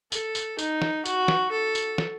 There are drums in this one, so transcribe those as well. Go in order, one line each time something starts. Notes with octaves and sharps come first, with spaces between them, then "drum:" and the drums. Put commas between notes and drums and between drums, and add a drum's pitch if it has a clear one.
A4, drum: tambourine
drum: tambourine
D#4, drum: tambourine
drum: snare
F#4, drum: tambourine
drum: snare
A4
drum: tambourine
drum: snare